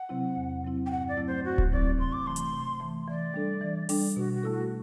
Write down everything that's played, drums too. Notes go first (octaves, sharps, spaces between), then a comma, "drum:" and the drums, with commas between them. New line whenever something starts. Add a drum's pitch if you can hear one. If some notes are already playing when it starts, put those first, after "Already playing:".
Already playing: F#5
C3 F#3 C4 E4
E2
C3 F#3 C4 E4
G5
G2 F#5
D5
F#3 A3 C4 E4
C5
G2 F#4
drum: kick D1
F#3 A3 C4 E4 D5
C3 C6
D6
E3 A3 C6
drum: hi-hat
C3
E3 A3
E3 D5
G3 D4 A4
E3
G3 D4 A4, drum: open hi-hat
B2 F#4
F#4
A3 E4 A4
F#4